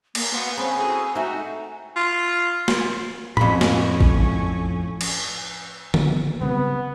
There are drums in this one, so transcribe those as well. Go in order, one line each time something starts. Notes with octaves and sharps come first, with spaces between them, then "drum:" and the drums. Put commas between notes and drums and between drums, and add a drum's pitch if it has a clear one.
A#3, drum: cymbal
B3 F#4 C5 F5
C#3 C4 G#5 B5
A2 F#4 G#4
A3 D#4 F#4 E5 G5 A#5
F4
drum: snare
F2 A2 C#4 B5, drum: tom A2
drum: snare
drum: kick A1
drum: cymbal
F#3 A#3 B3, drum: tom D3
C#3 G3 B3 C4